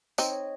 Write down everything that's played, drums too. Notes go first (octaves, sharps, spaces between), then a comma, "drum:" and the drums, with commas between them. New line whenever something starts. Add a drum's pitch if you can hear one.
C4 D#4 C#5, drum: tambourine
D#5
C#5